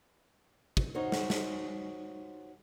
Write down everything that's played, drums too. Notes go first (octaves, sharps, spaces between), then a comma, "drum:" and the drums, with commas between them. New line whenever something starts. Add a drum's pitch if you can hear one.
drum: kick
D#4 F4 F#4 C5 C#5
drum: snare
drum: snare